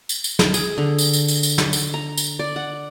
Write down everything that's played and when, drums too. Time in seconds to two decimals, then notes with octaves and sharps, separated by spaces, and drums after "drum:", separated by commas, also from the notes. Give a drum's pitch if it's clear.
0.09 drum: tambourine
0.24 drum: tambourine
0.39 drum: snare
0.54 G#4, drum: tambourine
0.78 D3
0.99 drum: tambourine
1.13 drum: tambourine
1.28 drum: tambourine
1.43 drum: tambourine
1.58 drum: snare
1.73 drum: tambourine
1.94 A#5
2.17 drum: tambourine
2.39 D5
2.56 F#5